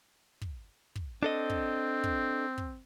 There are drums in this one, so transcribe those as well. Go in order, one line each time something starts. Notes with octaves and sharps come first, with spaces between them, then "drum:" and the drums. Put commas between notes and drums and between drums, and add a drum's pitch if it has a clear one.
drum: kick
drum: kick
C4 D4 A4 D#5
drum: kick
drum: kick
drum: kick